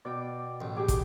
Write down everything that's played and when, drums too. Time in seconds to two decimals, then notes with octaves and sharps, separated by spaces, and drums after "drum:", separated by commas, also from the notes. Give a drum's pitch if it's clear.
0.05 B2 D5 G5
0.61 A1
0.76 G4 G#4 G5 D6
0.88 drum: kick, hi-hat